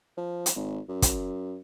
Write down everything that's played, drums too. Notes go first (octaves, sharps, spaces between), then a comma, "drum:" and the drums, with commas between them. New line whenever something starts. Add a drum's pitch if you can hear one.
F3
drum: hi-hat
G#1
F#2
drum: kick, hi-hat